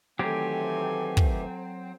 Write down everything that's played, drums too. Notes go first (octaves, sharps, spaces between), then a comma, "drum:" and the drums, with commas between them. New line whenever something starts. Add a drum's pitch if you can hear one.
D#3 E3 F#3 A3 C4 G4 A4 G#5
drum: kick